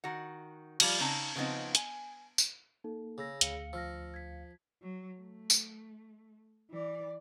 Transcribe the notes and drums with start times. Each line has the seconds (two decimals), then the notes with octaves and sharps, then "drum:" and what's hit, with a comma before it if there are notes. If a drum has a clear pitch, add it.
0.04 D#3 F#4 F#5
0.80 F3 G3 F4, drum: cymbal
1.00 C#3 C4 D#4 A5
1.36 C#3 F3 B3 C4 D#4
1.75 G#5, drum: hi-hat
2.38 drum: tambourine
2.84 A#3 D#4 A4
3.18 C#3 G#4 E6 A#6
3.41 D2 F5 C#7, drum: hi-hat
3.73 F3 E6 F6 A#6
4.14 G#6 B6
4.82 F#3
5.20 A3
5.50 drum: tambourine
6.71 E3 D5